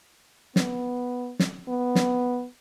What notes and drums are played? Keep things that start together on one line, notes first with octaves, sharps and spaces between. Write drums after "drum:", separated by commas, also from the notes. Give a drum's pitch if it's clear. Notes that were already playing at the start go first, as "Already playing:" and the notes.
B3, drum: snare
drum: snare
B3
drum: snare